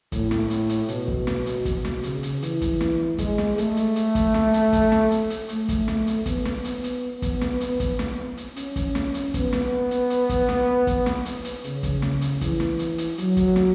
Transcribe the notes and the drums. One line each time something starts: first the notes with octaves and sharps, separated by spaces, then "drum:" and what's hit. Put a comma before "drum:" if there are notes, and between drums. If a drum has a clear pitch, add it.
A2, drum: kick, hi-hat
drum: snare
drum: hi-hat
drum: hi-hat
B2, drum: hi-hat
drum: kick
drum: snare
drum: hi-hat
B2, drum: kick, hi-hat
drum: snare
C#3, drum: hi-hat
drum: hi-hat
E3, drum: hi-hat
drum: kick, hi-hat
drum: snare
G#3, drum: kick, hi-hat
drum: snare
A3, drum: hi-hat
drum: hi-hat
drum: hi-hat
drum: kick, hi-hat
drum: snare
drum: hi-hat
drum: kick, hi-hat
drum: snare
drum: hi-hat
drum: hi-hat
A3, drum: hi-hat
drum: kick, hi-hat
drum: snare
drum: hi-hat
B3, drum: kick, hi-hat
drum: snare
drum: hi-hat
drum: hi-hat
drum: kick, hi-hat
drum: snare
drum: hi-hat
drum: kick, hi-hat
drum: snare
drum: hi-hat
C#4, drum: hi-hat
drum: kick, hi-hat
drum: snare
drum: hi-hat
B3, drum: kick, hi-hat
drum: snare
drum: hi-hat
drum: hi-hat
drum: kick, hi-hat
drum: snare
drum: kick, hi-hat
drum: snare
drum: hi-hat
drum: hi-hat
C#3, drum: hi-hat
drum: kick, hi-hat
drum: snare
drum: hi-hat
E3, drum: kick, hi-hat
drum: snare
drum: hi-hat
drum: hi-hat
F#3, drum: hi-hat
drum: kick, hi-hat
drum: snare